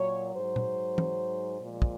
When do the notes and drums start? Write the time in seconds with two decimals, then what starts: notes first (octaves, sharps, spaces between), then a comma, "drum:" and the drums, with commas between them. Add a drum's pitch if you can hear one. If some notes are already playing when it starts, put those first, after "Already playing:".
Already playing: A#2 F#3 C#5
0.35 G#2 F#3 C5
0.56 drum: tom A#2
0.98 drum: tom
1.61 A#2 F3 G#3
1.82 drum: kick